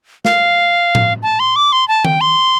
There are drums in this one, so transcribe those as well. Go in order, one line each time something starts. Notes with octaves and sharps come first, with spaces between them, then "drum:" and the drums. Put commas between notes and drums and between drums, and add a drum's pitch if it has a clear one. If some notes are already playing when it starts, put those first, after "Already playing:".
F5, drum: snare
drum: tom A2
A5
C6
D6
C6
A5
G5, drum: tom D#3
C6